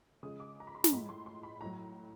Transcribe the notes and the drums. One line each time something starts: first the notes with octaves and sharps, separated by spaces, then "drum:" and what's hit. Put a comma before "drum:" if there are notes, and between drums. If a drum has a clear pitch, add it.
C#3 F3 G#3 D#6
D6
A#5
B5
C6
A#5, drum: snare
A2 F3 G#3 B5
C6
C6
B5
A2 F#3 A#5